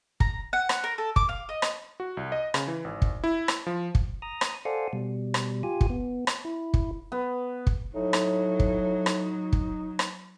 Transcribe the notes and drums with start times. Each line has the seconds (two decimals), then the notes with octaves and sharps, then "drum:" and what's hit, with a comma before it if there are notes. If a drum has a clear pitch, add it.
0.20 A#5, drum: kick
0.53 F#5
0.69 drum: rim click
0.84 A#4
0.98 A4
1.16 D6, drum: kick
1.29 F5
1.49 D#5
1.62 drum: rim click
2.00 F#4
2.17 C2
2.32 D#5
2.54 C#3, drum: rim click
2.68 E3
2.85 G#1
3.02 drum: kick
3.24 E4
3.48 drum: rim click
3.67 F3
3.95 drum: kick
4.22 A#5 D#6
4.41 drum: rim click
4.65 A4 C5 D5 F5 F#5 G#5
4.93 B2 G3
5.34 drum: rim click
5.63 F4 G4 G#5
5.81 drum: kick
5.90 B3
6.27 drum: rim click
6.45 E4
6.74 drum: kick
7.12 B3
7.67 drum: kick
7.95 A2 F#3 D#4
8.13 drum: rim click
8.60 drum: kick
9.06 drum: rim click
9.53 drum: kick
9.99 drum: rim click